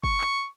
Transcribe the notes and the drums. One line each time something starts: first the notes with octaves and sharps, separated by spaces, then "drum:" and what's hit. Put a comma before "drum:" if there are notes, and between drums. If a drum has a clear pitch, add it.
C#6, drum: kick
drum: clap